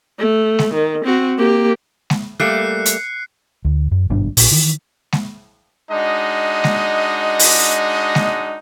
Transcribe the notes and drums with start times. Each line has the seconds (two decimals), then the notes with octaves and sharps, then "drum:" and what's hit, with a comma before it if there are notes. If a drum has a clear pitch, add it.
0.19 A3
0.59 drum: snare G#3
0.74 D#3
1.05 C4 F#4
1.38 A#3 G4
2.10 drum: snare G#3
2.40 G3 A3 A#3 F#6 C7 C#7
2.86 drum: hi-hat
3.65 D2
3.91 F#2
4.10 G#1 G2 B2 D4
4.37 A#1 A#2, drum: open hi-hat
4.51 D#3 E3
5.12 drum: snare G#3
5.91 G#3 D4 D#4 F#4 D#5
6.64 drum: snare G#3
7.39 drum: open hi-hat
8.15 drum: snare G#3